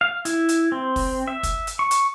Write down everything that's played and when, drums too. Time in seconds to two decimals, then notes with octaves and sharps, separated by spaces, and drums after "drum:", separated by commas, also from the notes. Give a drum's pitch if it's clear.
0.01 F5
0.25 E4, drum: hi-hat
0.49 drum: hi-hat
0.72 C4
0.96 drum: kick, open hi-hat
1.28 E5
1.43 drum: kick, hi-hat
1.67 drum: hi-hat
1.79 C#6
1.91 drum: hi-hat